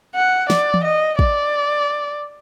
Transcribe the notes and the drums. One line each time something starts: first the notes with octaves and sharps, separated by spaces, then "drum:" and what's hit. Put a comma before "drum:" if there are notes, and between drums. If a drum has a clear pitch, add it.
F#5
D5, drum: snare
drum: tom E3
D#5
D5, drum: kick